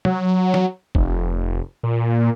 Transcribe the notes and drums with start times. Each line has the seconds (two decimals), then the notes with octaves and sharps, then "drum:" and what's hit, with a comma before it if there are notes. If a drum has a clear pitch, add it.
0.05 F#3, drum: tom
0.54 drum: snare
0.95 F1, drum: kick G#1
1.83 A#2